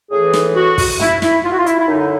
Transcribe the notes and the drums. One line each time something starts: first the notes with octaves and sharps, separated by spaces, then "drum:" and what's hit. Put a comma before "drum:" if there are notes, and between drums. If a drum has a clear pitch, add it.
A2 E3 G#4
drum: snare
F#4
drum: kick, open hi-hat
E4, drum: tom
E4, drum: snare
F4
F#4
F4
E4, drum: hi-hat
E4
F#2 D3 D#4